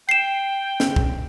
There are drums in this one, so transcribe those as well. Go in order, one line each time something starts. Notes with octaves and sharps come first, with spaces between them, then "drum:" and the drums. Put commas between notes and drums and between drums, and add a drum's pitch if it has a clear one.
G5 C7 E7
drum: snare
drum: kick C2